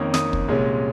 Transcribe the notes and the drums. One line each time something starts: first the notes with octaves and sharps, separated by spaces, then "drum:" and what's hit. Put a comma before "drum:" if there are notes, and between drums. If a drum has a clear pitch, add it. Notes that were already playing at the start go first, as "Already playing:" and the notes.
Already playing: F2 D#3 A#3 C#4 D#6
D#6, drum: snare
drum: kick
C2 A#2 G#3 C#4